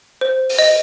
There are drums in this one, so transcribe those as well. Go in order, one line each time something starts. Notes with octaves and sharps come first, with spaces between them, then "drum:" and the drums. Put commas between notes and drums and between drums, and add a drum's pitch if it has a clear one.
C5
drum: open hi-hat
D#5